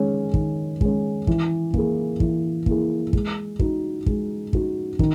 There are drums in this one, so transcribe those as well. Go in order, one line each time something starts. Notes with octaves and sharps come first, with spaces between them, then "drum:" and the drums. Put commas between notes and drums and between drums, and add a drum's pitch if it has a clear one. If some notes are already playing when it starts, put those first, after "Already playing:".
Already playing: D#3 G#3 C#4
D#3, drum: kick
G#3 C#4, drum: kick
E3, drum: kick
A#3 E4 G#4, drum: kick
E3, drum: kick
A#3 E4 G#4, drum: kick
G#3, drum: kick
D#4 F#4, drum: kick
G#3, drum: kick
D#4 F#4, drum: kick
D#3, drum: kick